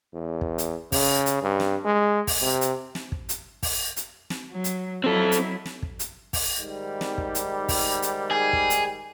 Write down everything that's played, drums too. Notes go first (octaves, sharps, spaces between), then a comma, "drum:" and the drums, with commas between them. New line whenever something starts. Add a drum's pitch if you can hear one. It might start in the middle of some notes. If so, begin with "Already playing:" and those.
E2
drum: kick
drum: hi-hat
C#3, drum: kick, open hi-hat
drum: hi-hat
G2
drum: snare
G#3
drum: kick, open hi-hat
C3
drum: hi-hat
drum: snare
drum: kick
drum: hi-hat
drum: kick, open hi-hat
drum: hi-hat
drum: snare
F#3
drum: hi-hat
F#3 C4 E4 A4
drum: hi-hat
drum: snare
drum: kick
drum: hi-hat
drum: kick, open hi-hat
G#2 D#3 G3
drum: snare
drum: kick
drum: hi-hat
drum: kick, open hi-hat
drum: hi-hat
G#4
drum: kick
drum: hi-hat